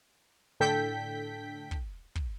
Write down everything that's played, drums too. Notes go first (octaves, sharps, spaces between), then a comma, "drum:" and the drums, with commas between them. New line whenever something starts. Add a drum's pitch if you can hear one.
A2 D3 A4 G5 G6 B6
drum: kick
drum: kick